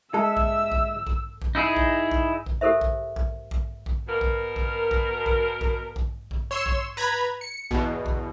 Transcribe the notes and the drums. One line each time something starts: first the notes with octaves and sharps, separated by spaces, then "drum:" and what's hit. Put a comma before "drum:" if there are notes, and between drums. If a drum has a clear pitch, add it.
G#3 A4 E5 E6
drum: kick A#1
drum: kick A#1
drum: kick A#1
drum: kick A#1
D#4 E4 G#4
drum: kick A#1
drum: kick A#1
drum: kick A#1
G4 A4 A#4 C5 E5
drum: kick A#1
drum: kick A#1
drum: kick A#1
drum: kick A#1
B2 A#4
drum: kick A#1
drum: kick A#1
drum: kick A#1
drum: kick A#1
drum: kick A#1
drum: kick A#1
drum: kick A#1
C#5 C6 E6 E7
drum: kick A#1
B4 A#5 B5 G#6
C#7
E2 B2, drum: kick A#1
drum: kick A#1